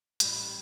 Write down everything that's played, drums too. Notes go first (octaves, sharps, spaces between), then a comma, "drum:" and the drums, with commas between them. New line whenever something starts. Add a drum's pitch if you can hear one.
A1 A2 G3, drum: hi-hat